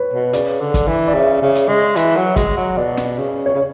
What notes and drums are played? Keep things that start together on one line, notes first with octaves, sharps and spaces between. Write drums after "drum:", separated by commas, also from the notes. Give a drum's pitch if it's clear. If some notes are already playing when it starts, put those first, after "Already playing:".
Already playing: B4 C#5
B2
C#3 D5, drum: hi-hat
D3
drum: kick F#1, hi-hat
E3
D5
C#3 E5
C#3
drum: hi-hat
G#3
E3, drum: hi-hat
F#3
G#3, drum: kick F#1, hi-hat
F#3
B2 D5
drum: snare
C#3
C#5
C#3